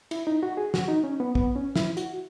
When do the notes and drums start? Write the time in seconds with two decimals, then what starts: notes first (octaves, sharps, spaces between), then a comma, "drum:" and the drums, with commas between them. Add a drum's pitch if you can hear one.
0.11 E4, drum: cymbal
0.27 D#4
0.43 F#4
0.57 G#4
0.74 F#4, drum: snare
0.88 D#4
1.04 C#4
1.20 B3
1.35 B3, drum: kick
1.56 C#4
1.76 E4, drum: snare
1.97 F#4, drum: hi-hat